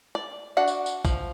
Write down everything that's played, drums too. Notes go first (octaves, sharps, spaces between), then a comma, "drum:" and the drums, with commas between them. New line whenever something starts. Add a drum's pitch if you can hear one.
D5
D4 F#4 F#5
drum: tambourine
drum: tambourine
F3, drum: kick, tambourine